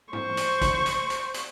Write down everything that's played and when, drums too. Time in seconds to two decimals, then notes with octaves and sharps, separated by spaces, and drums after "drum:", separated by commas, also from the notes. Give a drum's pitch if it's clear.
0.13 C5 C#6, drum: tom
0.37 drum: hi-hat
0.61 drum: kick, hi-hat
0.86 drum: hi-hat
1.10 drum: hi-hat
1.34 drum: hi-hat